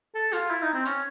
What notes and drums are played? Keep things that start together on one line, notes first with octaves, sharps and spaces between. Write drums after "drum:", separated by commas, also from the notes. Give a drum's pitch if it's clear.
A4
F4, drum: hi-hat
E4
D#4
C4
C#4, drum: hi-hat